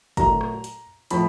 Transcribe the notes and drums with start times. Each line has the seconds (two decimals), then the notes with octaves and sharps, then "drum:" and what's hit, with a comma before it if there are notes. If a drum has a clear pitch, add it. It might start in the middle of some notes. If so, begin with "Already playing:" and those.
0.17 A#2 F#3 A3 A#5, drum: kick G1, hi-hat
0.41 drum: rim click
0.64 drum: hi-hat
1.11 A2 F3 A3 B5, drum: hi-hat